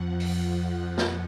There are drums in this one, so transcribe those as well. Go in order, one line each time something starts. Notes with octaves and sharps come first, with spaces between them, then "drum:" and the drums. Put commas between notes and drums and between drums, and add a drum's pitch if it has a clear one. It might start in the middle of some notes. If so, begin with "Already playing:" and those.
Already playing: F2 F3 F#5
F#5, drum: open hi-hat
F#5
drum: snare